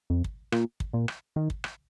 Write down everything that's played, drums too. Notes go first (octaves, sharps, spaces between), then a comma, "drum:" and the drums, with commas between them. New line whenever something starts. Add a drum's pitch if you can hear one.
F2
drum: kick
A#2, drum: rim click
drum: kick
A#2
drum: rim click
D#3
drum: kick
drum: rim click